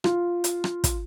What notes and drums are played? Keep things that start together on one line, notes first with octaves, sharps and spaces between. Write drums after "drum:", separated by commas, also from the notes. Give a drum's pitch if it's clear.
F4, drum: rim click
drum: hi-hat
drum: rim click
drum: kick, hi-hat